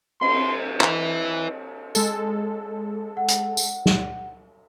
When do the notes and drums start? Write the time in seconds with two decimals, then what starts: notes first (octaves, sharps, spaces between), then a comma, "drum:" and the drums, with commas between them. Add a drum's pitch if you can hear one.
0.21 C6, drum: cymbal
0.81 E4 B4, drum: clap
1.95 G#3 A4, drum: tambourine
3.17 F#5
3.28 drum: hi-hat
3.57 drum: tambourine
3.86 drum: snare